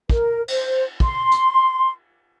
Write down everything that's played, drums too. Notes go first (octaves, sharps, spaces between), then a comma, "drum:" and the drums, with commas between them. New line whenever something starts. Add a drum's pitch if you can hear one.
A#4, drum: kick
C5, drum: cymbal
C6, drum: kick
drum: hi-hat